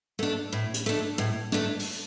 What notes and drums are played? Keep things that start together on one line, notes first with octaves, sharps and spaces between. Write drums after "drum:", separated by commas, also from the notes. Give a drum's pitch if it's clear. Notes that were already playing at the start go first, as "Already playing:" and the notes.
A3 D4
A2
drum: hi-hat
A3 D4
A2
A3 D4
drum: open hi-hat